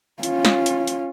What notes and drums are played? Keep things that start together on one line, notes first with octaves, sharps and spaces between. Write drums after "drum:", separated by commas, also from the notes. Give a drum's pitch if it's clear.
C#4 F4, drum: hi-hat
drum: snare
drum: hi-hat
drum: hi-hat